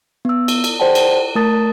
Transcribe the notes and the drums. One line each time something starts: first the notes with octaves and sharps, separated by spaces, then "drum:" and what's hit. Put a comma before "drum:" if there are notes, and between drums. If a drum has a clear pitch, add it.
B3 E6
drum: cymbal
drum: cymbal
G#4 C5 D5 F#5 G5 A5
drum: cymbal
A3 A#4 A5 D#6 A6